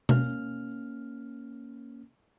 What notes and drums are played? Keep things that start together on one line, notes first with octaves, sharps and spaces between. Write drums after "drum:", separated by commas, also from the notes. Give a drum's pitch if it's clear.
A#3 C#4 F6, drum: tom B2